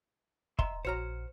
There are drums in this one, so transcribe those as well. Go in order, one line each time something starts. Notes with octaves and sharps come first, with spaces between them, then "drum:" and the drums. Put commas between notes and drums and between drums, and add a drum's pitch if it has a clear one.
D#5 E5 A#5 C6, drum: kick
A#1 F#4 C5 C#5 A#5 F6 C#7